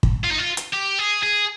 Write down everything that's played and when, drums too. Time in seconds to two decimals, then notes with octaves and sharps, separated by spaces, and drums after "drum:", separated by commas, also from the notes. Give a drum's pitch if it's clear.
0.03 drum: kick
0.24 F4
0.31 D#4
0.38 F4
0.57 drum: hi-hat
0.73 G4
0.99 G#4
1.23 G#4